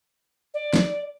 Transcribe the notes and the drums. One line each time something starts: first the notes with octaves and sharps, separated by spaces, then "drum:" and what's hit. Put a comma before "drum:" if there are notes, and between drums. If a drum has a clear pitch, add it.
D5
drum: snare